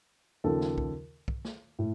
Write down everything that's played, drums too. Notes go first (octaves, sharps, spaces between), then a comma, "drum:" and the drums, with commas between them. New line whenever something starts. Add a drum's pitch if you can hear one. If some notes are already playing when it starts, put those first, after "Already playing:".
D#2 C#3 F3 A4
drum: snare
drum: kick B1
drum: kick B1
drum: snare
A2